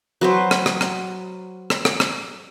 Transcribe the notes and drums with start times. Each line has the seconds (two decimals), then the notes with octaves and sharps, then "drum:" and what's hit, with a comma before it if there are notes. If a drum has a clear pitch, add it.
0.21 F#3 B4 C5
0.51 drum: rim click
0.66 drum: rim click
0.81 drum: rim click
1.70 drum: rim click
1.85 drum: rim click
2.00 drum: rim click